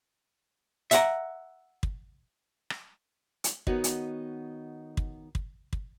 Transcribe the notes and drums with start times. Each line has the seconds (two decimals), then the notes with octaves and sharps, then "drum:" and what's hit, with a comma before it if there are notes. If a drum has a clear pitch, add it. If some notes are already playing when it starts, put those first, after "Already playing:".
0.91 E5 F#5 A#5, drum: hi-hat
1.83 drum: kick
2.70 drum: rim click
3.44 drum: hi-hat
3.67 D#3 B3 D#4 F#4 C#5 D#5, drum: kick
3.84 drum: hi-hat
4.97 drum: kick
5.35 drum: kick
5.73 drum: kick